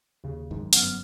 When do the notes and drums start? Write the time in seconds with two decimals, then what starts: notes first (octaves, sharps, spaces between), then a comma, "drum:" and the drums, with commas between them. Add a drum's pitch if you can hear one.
0.24 D#2 C#3
0.51 F#1 G#2 D#3
0.73 G1 F#2 B3 F6, drum: hi-hat